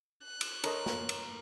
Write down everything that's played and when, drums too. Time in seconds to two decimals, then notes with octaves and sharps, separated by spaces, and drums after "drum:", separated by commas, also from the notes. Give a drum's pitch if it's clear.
0.25 F#6
0.41 drum: cymbal
0.64 D4 A4 A#4 C#5 D#5 C6 C#6, drum: cymbal
0.86 drum: snare
1.09 drum: cymbal